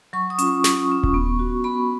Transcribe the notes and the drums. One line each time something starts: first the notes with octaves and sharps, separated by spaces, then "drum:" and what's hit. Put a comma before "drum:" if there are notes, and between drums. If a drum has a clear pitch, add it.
F#3 C#6
D#6
C#4 F4, drum: hi-hat
C#6
F#3 C#6, drum: snare
C#4 F4
drum: kick D#1
B3
F#4
B3 B5